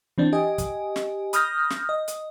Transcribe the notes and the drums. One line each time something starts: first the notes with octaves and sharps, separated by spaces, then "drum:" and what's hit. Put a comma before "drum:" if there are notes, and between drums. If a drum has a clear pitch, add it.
E3 C4 D4
G4 D#5 G#5
drum: kick, hi-hat
drum: snare
B5 D#6 F6 G6 A#6, drum: hi-hat
drum: snare
D#5
drum: hi-hat